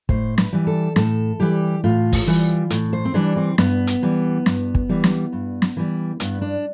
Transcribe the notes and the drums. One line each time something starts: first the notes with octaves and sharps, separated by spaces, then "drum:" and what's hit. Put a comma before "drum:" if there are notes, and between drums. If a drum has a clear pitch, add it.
A2 C5, drum: kick
B4, drum: snare
E3 G3
A4
A2 A4, drum: snare
E3 G3 G4
A2 F4
drum: kick, open hi-hat
E3 G3
A2, drum: hi-hat
C5
C4
E3 G3 D4
C4
G2 B3, drum: snare
drum: hi-hat
E3 G3
G2, drum: snare
drum: kick
E3 G3
drum: snare
G2
drum: snare
E3 G3
G2 B3, drum: hi-hat
D4